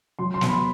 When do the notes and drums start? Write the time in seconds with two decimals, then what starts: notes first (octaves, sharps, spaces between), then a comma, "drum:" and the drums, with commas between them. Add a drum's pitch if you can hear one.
0.19 F#3 C6
0.34 C6
0.41 B3, drum: snare
0.49 B5